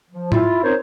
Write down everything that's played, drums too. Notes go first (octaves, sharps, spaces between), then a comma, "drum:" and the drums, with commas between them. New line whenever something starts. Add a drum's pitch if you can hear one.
F3
E4 F4, drum: tom
C4 C#4 D#4 A#4 C5 C#5